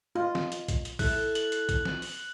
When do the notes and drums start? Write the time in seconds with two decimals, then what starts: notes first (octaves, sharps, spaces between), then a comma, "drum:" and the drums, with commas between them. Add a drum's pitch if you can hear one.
0.15 F4 D#5
0.35 drum: snare
0.52 drum: hi-hat
0.68 drum: kick B1, hi-hat
0.85 drum: hi-hat
0.99 E4 A4 F#6, drum: kick B1, open hi-hat
1.35 F#7, drum: hi-hat
1.52 drum: hi-hat
1.69 drum: kick B1, hi-hat
1.85 drum: snare
2.02 drum: open hi-hat